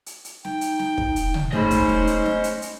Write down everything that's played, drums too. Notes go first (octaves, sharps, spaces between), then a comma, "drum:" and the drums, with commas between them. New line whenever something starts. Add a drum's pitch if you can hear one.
drum: hi-hat
drum: hi-hat
D#4 G5, drum: snare
drum: hi-hat
drum: snare
drum: kick
drum: hi-hat
drum: tom
G#3 A3 C#4 D#4 C5 D#5 B5
drum: kick, hi-hat
drum: snare
drum: hi-hat
drum: snare
drum: hi-hat
drum: hi-hat